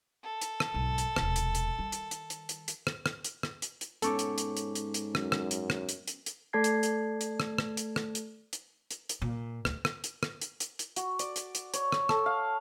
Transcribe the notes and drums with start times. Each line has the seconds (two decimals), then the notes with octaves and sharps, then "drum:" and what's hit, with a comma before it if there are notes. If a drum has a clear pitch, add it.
0.24 A4
0.41 drum: hi-hat
0.60 drum: rim click
0.74 B1 G#2
0.98 drum: hi-hat
1.16 E1 C3, drum: rim click
1.36 drum: hi-hat
1.55 drum: hi-hat
1.79 D#3 G3
1.92 drum: hi-hat
2.11 drum: hi-hat
2.30 drum: hi-hat
2.49 drum: hi-hat
2.68 drum: hi-hat
2.87 drum: rim click
3.06 drum: rim click
3.24 drum: hi-hat
3.43 drum: rim click
3.62 drum: hi-hat
3.81 drum: hi-hat
4.02 G#2 B3 C#4 A4 C#6 D6, drum: hi-hat
4.19 drum: hi-hat
4.38 drum: hi-hat
4.57 drum: hi-hat
4.75 drum: hi-hat
4.94 drum: hi-hat
5.15 F#2, drum: rim click
5.32 drum: rim click
5.51 drum: hi-hat
5.70 drum: rim click
5.89 drum: hi-hat
6.08 drum: hi-hat
6.26 drum: hi-hat
6.53 A3 A4 D5 A5 G#6 C7
6.64 drum: hi-hat
6.83 drum: hi-hat
7.21 drum: hi-hat
7.40 drum: rim click
7.58 drum: rim click
7.77 drum: hi-hat
7.96 drum: rim click
8.15 drum: hi-hat
8.53 drum: hi-hat
8.91 drum: hi-hat
9.09 drum: hi-hat
9.22 A#2
9.65 D2, drum: rim click
9.85 drum: rim click
10.04 drum: hi-hat
10.23 drum: rim click
10.41 drum: hi-hat
10.60 drum: hi-hat
10.79 drum: hi-hat
10.96 F#4, drum: hi-hat
11.19 D5, drum: hi-hat
11.36 drum: hi-hat
11.55 drum: hi-hat
11.74 C#5, drum: hi-hat
11.92 drum: rim click
12.09 A4, drum: rim click
12.26 F5